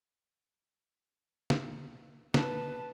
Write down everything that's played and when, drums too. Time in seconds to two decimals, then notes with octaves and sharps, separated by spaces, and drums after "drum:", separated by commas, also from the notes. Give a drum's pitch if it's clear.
1.50 drum: snare
2.34 B4 A5, drum: snare